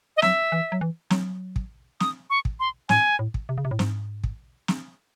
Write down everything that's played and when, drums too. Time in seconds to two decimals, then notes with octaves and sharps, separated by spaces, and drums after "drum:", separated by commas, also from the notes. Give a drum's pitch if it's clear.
0.17 D#5
0.22 F#3 E5, drum: snare
0.52 E3
0.72 F#3
0.81 E3
1.10 F#3, drum: snare
1.56 drum: kick
2.00 D#6, drum: snare
2.30 C#6
2.45 drum: kick
2.60 C6
2.89 A2 G#5, drum: snare
3.19 A2
3.34 drum: kick
3.49 C3
3.58 C#3
3.65 C3
3.71 A2
3.79 G#2, drum: snare
4.24 drum: kick
4.68 drum: snare